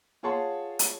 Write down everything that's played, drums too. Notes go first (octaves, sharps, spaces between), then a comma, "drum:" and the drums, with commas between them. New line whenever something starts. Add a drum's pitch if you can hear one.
F4 G#4 C#5 F#5 A5 C6
drum: hi-hat